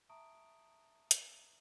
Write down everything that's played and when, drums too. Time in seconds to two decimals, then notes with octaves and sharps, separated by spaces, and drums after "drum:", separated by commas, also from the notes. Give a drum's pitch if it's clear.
0.09 E5 A5 A#5 C#6 D#6 D7
1.11 drum: hi-hat